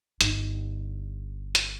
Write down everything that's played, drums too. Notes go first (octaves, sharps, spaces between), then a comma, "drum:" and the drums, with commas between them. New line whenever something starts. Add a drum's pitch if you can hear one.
G1 D#4, drum: hi-hat
drum: hi-hat